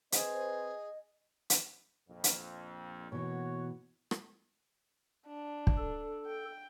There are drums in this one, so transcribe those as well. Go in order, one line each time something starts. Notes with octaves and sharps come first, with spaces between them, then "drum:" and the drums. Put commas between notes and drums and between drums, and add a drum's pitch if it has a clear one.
C4 G#4 B4 C5 D#5, drum: hi-hat
drum: hi-hat
A#1 F2
drum: hi-hat
B2 E3 A#3 F#4 C#5
drum: rim click
D4
drum: kick
A4
G5